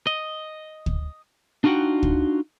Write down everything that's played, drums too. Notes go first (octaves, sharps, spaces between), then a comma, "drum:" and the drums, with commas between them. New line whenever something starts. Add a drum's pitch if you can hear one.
D#5
drum: kick
D4 D#4 F4 F#4 F#5 G5
drum: kick